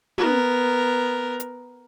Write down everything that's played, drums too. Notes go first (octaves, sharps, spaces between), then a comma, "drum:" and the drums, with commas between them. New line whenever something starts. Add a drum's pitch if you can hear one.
B3 A#4, drum: tom
drum: hi-hat